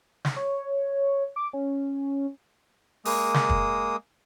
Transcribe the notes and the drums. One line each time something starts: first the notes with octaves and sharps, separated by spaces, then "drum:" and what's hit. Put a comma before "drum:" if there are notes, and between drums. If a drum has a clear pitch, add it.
drum: snare
C#5
D6
C#4
G#3 A#3 D#6, drum: open hi-hat
drum: snare
drum: kick